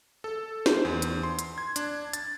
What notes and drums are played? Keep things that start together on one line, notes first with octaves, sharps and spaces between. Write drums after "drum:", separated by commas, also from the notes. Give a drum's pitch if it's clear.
A4
C5, drum: snare
E2
drum: hi-hat
C6
drum: hi-hat
G#6
D4, drum: hi-hat
A6, drum: hi-hat